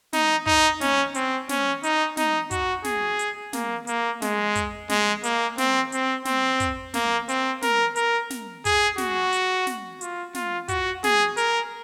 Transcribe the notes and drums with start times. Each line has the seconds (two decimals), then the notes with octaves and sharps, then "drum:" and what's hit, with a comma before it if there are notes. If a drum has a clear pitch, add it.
0.13 D#4, drum: snare
0.46 D#4, drum: kick
0.81 C#4, drum: snare
1.15 C4, drum: hi-hat
1.49 C#4, drum: snare
1.83 D#4, drum: hi-hat
2.17 D#4, drum: snare
2.51 F#4, drum: kick, hi-hat
2.85 G#4, drum: snare
3.19 drum: hi-hat
3.53 A#3, drum: snare
3.87 A#3, drum: hi-hat
4.22 G#3, drum: snare
4.56 drum: kick, hi-hat
4.90 G#3, drum: snare
5.24 A#3, drum: hi-hat
5.58 C4, drum: snare
5.92 C4, drum: hi-hat
6.25 C4, drum: snare
6.60 drum: kick, hi-hat
6.94 A#3, drum: snare
7.29 C4, drum: hi-hat
7.62 A#4, drum: snare
7.96 A#4, drum: hi-hat
8.30 drum: snare
8.65 G#4, drum: kick, hi-hat
8.98 F#4, drum: snare
9.33 drum: hi-hat
9.67 drum: snare
10.01 F4, drum: hi-hat
10.35 F4, drum: snare
10.68 F#4, drum: kick, hi-hat
11.04 G#4, drum: snare
11.37 A#4, drum: hi-hat